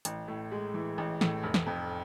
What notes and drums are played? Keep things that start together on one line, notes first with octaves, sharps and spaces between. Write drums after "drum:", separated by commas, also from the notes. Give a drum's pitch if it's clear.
A1, drum: hi-hat
A2
G#3
E3
A1
A2, drum: snare
F1
drum: snare
F2